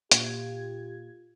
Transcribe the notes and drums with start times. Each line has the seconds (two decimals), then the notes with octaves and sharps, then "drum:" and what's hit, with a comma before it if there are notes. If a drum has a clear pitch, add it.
0.11 A#2 F4 G4 G#6, drum: hi-hat